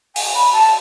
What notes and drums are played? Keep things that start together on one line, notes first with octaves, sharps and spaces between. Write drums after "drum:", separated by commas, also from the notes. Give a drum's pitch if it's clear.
G#5, drum: open hi-hat
B5
A5